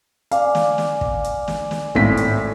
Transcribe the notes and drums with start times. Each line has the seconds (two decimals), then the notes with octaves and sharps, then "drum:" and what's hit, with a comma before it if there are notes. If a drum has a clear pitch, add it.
0.31 D5 F5 G#5 D6, drum: hi-hat
0.55 drum: snare
0.78 drum: snare
1.01 drum: kick
1.24 drum: hi-hat
1.48 drum: snare
1.71 drum: snare
1.95 G#1 A2 B6, drum: kick
2.17 drum: hi-hat